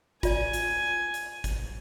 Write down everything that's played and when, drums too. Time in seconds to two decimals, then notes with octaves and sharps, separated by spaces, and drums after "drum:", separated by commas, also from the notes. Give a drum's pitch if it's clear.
0.23 F4 D5 G#5, drum: kick, hi-hat
0.53 drum: hi-hat
1.14 drum: hi-hat
1.44 drum: kick, hi-hat